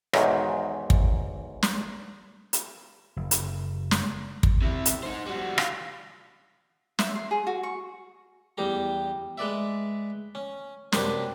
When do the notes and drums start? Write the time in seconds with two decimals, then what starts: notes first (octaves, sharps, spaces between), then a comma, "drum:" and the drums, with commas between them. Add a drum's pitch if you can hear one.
0.13 B1 E2 G#2 D#3, drum: rim click
0.90 drum: kick
1.63 drum: snare
2.53 drum: hi-hat
3.16 F#1
3.31 drum: hi-hat
3.91 drum: snare
4.43 drum: kick
4.62 C3 E4
4.86 drum: hi-hat
5.03 D#4 C5
5.26 G3 F#4
5.58 F4, drum: rim click
6.99 E5, drum: snare
7.15 C6
7.31 G#4
7.47 F#4
7.63 C#6
8.58 E2 G3 G4 A#5
9.38 G#3 B4 D5 E5
10.35 C#4
10.92 F#2 C3 D4 B4, drum: snare